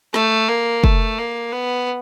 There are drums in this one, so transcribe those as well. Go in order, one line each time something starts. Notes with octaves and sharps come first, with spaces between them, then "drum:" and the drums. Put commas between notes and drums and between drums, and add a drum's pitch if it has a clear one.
A3, drum: snare
A#3
A3, drum: kick
A#3
B3